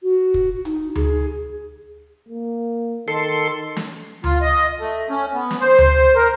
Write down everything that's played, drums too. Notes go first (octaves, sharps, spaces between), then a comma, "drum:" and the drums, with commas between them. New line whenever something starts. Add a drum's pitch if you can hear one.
F#4
drum: kick
D#4, drum: hi-hat
G#4, drum: tom D2
A#3
D#3 A4 C6
drum: snare
F4, drum: tom D2
D#5
A3
C#4
B3
drum: snare
C5
drum: tom D2
A#4